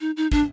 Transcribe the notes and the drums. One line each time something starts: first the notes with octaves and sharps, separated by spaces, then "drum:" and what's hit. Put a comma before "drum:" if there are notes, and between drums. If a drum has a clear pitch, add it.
D#4
D#4
D4, drum: kick